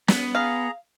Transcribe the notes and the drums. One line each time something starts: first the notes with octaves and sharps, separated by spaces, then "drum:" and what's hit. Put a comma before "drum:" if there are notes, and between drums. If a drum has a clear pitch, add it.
B3, drum: snare
G#4 F5 A#5